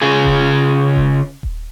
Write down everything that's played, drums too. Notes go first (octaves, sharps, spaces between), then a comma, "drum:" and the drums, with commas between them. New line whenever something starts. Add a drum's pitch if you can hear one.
C#3 F4 G#4
drum: kick D#1
drum: kick D#1
drum: kick D#1